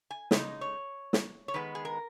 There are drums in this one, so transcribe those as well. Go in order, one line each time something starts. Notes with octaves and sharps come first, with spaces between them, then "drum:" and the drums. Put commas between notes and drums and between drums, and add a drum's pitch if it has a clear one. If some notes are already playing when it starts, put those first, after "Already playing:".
G#5
C#3 G#3 D#4 D#5, drum: snare
C#5
drum: snare
C#5
D#3 G#3 B3 B4
G#4
A#4